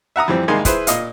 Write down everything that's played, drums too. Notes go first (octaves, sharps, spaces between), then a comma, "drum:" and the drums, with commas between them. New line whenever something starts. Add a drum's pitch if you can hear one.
E5 F#5 A#5 D#6
F2 E3 G3 C4
C2 D#3 G#3 A#3 G#5 C6
E4 G#4 B4 C5, drum: kick, hi-hat
A#2 D#5 F5, drum: hi-hat